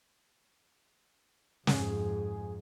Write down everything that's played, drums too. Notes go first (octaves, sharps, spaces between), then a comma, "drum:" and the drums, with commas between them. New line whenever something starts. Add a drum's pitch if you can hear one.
F2 G#2 G#4, drum: snare